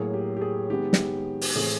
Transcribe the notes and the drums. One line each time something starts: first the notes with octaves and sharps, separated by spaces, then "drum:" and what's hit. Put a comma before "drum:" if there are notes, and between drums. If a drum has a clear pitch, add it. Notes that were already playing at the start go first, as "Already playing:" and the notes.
Already playing: A2 F#3 A#3 G#4
G4
G4
G#4
D#3 G#3 B3 G4
drum: snare
drum: open hi-hat
A2 E3 A3 C4 G#4